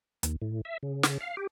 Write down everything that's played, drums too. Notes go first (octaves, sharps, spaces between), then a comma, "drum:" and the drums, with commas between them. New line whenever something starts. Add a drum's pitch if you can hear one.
D#2, drum: hi-hat
A2
E5
C#3
drum: snare
F5
G4